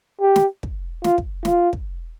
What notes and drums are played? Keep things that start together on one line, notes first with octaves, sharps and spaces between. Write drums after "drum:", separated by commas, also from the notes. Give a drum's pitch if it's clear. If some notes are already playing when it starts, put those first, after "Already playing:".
G4
drum: snare
drum: kick
F4, drum: snare
drum: kick
F4, drum: snare
drum: kick